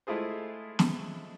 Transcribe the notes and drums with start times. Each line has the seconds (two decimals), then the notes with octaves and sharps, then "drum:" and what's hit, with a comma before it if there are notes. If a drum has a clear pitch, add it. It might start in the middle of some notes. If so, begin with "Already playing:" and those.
0.07 G#3 A3 E4 F4 G#4 C5
0.79 drum: snare